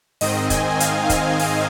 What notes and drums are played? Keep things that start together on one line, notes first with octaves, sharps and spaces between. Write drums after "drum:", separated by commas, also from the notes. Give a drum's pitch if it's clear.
G#2 D#3 C4 D#5, drum: open hi-hat
G#5, drum: kick, hi-hat
F5, drum: hi-hat
G#5, drum: kick, hi-hat
drum: open hi-hat